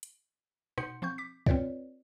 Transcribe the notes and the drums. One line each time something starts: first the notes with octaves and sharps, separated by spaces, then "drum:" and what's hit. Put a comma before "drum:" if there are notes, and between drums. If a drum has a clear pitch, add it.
drum: hi-hat
B2 D#4 F#5 C6 G6 C#7, drum: rim click
F3 C4 C#6 G6
D6 B6
C4 F4 B4 C#5 D5, drum: kick